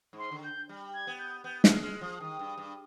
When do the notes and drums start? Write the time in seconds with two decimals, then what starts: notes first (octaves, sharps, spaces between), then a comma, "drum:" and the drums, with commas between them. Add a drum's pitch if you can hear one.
0.13 G#2
0.19 C6
0.32 D3
0.44 G6
0.69 G3
0.94 G#6
1.07 B3
1.19 G6
1.44 B3 G6
1.64 G#3 F6, drum: snare
1.83 G#3 F6
2.01 F3 D#6
2.20 D#3 D#6
2.39 G2
2.58 G2